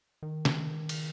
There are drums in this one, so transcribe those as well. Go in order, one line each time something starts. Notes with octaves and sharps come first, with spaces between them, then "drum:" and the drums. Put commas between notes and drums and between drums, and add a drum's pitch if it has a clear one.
D#3
drum: snare
drum: cymbal